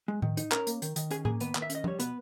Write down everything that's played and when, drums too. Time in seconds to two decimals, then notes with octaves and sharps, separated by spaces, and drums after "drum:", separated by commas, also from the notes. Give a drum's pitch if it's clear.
0.08 G#3
0.22 D#3, drum: tom A2
0.37 D#4, drum: hi-hat
0.52 C#4 A#4 A#5, drum: clap
0.67 A#3, drum: hi-hat
0.82 D#3, drum: hi-hat
0.96 D#3, drum: hi-hat
1.11 C#4 G#4 G#5, drum: hi-hat
1.25 A#3 G#4 G#5, drum: tom A2
1.40 D#3 B3 B4, drum: hi-hat
1.55 D#3, drum: clap
1.62 E5
1.70 C#4, drum: hi-hat
1.75 D#5
1.84 G3 C#5, drum: tom
2.00 B2 B3 B4, drum: hi-hat